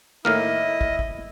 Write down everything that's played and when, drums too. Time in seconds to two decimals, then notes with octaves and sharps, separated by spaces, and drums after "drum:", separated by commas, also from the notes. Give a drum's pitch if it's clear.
0.25 A2 D#3 A#3 E4 D#5 F6
0.81 drum: kick
0.99 drum: kick